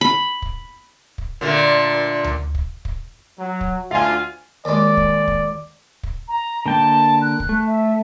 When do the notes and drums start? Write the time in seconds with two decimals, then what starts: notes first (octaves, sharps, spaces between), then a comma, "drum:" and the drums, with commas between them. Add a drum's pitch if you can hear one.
0.01 B5
0.42 drum: kick
1.18 drum: kick
1.41 A#2 D3 A3
2.24 drum: tom D2
2.55 drum: kick
2.85 drum: kick
3.39 F#3
3.61 drum: kick
3.91 D2 F4 F5 G#5
4.65 D#2 G#3 D5
4.97 drum: kick
5.28 drum: kick
6.03 drum: kick
6.28 A#5
6.66 D3 A#3 G5 A5
7.22 F#6
7.40 drum: kick
7.49 A3
7.67 E5